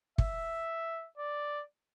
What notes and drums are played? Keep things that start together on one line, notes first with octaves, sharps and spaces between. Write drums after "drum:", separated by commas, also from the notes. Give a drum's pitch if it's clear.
E5, drum: kick
D5